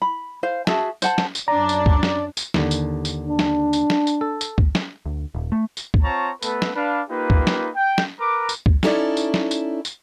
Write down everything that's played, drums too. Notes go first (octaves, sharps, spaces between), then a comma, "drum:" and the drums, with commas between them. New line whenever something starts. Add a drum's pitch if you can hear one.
B5
C5 F5
F#4 G#4 E5 A5, drum: snare
C5 F#5 A5, drum: tambourine
drum: snare
drum: tambourine
F#2 D4 D5 A#5
drum: tambourine
drum: kick
drum: snare
drum: tambourine
D#2 D3, drum: snare
drum: tambourine
drum: tambourine
D4
drum: snare
drum: tambourine
drum: snare
drum: tambourine
A4
drum: tambourine
drum: kick
drum: snare
D2
D#1
A3
drum: tambourine
drum: kick
C4 F4 C#5 A5 A#5 C#6
A3 B3 A4 B4, drum: tambourine
drum: snare
D4 B4 F5
A#3 D#4 F4 G4 B4
drum: kick
drum: snare
G5
drum: snare
A#4 B4 A#5 D6
drum: tambourine
drum: kick
C#4 D#4 E4 A4 C#5 D5, drum: snare
drum: tambourine
drum: snare
drum: tambourine
drum: tambourine